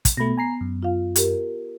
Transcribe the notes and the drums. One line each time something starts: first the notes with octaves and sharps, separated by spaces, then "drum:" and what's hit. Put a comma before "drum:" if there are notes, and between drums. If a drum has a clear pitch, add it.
drum: kick, hi-hat
B2 A3 B3 B5 A#6
G#5 A#5 C7
F#2
F4 F5
G4 A#4, drum: hi-hat